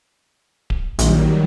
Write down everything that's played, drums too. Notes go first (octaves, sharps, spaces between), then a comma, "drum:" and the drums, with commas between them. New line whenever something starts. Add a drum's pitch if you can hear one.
drum: kick D1
A#1 D#3 F#3 G3, drum: hi-hat